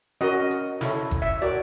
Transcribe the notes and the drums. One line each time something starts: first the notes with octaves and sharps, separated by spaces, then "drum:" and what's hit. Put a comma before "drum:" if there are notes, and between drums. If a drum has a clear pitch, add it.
C#4 F#4 A#4 D#5, drum: hi-hat
drum: hi-hat
E4 A4 C#5, drum: snare
drum: kick F#1, hi-hat
E5
F#4 A#4 C#5 D5